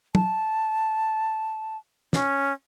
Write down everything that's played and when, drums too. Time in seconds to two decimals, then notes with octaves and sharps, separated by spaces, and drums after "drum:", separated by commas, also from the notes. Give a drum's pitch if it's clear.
0.15 A5, drum: tom
2.13 C#4, drum: snare